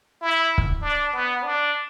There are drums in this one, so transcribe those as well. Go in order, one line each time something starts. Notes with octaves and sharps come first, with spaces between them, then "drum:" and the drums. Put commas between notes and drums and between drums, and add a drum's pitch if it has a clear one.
E4
drum: kick
D4
B3
D4